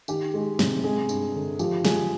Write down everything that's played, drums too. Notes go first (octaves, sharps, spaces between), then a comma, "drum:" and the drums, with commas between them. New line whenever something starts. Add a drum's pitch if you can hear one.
D#3 G4, drum: tambourine
G#3
C3, drum: snare
G#3 G#4
G2, drum: tambourine
D3
F3 G4, drum: tambourine
G#3 G#4, drum: snare